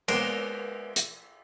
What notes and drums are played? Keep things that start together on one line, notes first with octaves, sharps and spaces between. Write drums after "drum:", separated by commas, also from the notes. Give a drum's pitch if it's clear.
G#3 A#3 B3 A#4 C5 G5, drum: cymbal
drum: hi-hat